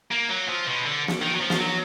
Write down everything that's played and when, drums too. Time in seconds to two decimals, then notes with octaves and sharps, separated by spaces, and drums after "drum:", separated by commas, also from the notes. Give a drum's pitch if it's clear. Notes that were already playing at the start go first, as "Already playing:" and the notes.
0.11 A#3
0.29 F#3
0.48 F3
0.66 B2
0.85 D3
1.08 drum: snare
1.21 D#3
1.35 F#3
1.40 F3
1.50 drum: snare
1.59 F#3